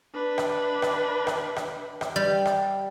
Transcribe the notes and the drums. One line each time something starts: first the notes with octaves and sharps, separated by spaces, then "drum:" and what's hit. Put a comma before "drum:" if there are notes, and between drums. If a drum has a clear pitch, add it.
D4 B4
drum: rim click
drum: rim click
drum: rim click
drum: rim click
drum: rim click
G3
drum: rim click